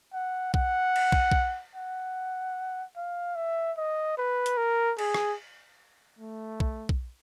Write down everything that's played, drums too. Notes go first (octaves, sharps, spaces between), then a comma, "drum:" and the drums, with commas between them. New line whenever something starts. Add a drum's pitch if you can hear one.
F#5
F#5, drum: kick
drum: cymbal
drum: kick
drum: kick
F#5
F5
E5
D#5
B4
drum: hi-hat
A#4
G#4, drum: cymbal
drum: rim click
A3
drum: kick
drum: kick